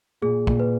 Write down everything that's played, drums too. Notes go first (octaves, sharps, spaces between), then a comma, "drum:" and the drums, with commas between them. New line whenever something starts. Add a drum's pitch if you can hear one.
A#2 G#4
A#2, drum: kick
B4